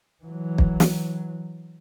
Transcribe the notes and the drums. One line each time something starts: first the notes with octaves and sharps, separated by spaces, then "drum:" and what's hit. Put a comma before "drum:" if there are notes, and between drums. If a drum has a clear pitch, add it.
E3 F#3
drum: kick
drum: snare